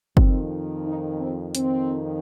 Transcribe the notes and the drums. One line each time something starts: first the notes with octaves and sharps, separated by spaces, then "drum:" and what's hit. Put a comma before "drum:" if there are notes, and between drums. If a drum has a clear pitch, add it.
F2 D#3 C4, drum: kick F#1
D#4
C4
F2 D#3 C4, drum: hi-hat